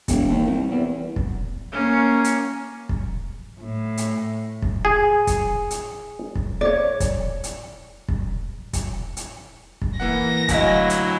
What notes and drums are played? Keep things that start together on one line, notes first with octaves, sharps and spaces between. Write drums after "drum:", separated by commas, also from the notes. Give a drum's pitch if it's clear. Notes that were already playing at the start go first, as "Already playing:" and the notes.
E1, drum: kick, hi-hat
D#2
C2
E2
drum: kick
A#3 C#4
drum: hi-hat
drum: kick
A2
drum: hi-hat
drum: kick
G#4
drum: kick, hi-hat
drum: hi-hat
drum: kick
C#5 D5
drum: kick, hi-hat
drum: hi-hat
drum: kick
drum: kick, hi-hat
drum: hi-hat
drum: kick
E3 A#3 F#5 A#6
D2 F#3 E4 D#5 F5 G#5 B6, drum: kick, hi-hat
drum: hi-hat